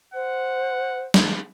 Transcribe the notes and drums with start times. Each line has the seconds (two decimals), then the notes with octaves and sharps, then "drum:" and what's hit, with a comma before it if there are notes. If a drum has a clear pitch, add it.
0.14 C5 F#5
1.14 drum: snare